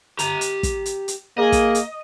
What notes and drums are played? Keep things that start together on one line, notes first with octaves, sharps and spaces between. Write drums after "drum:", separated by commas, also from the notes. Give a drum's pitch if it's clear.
G4 A#5, drum: hi-hat
drum: hi-hat
drum: kick, hi-hat
drum: hi-hat
drum: hi-hat
A#3 G#4 D#5
drum: kick, hi-hat
drum: hi-hat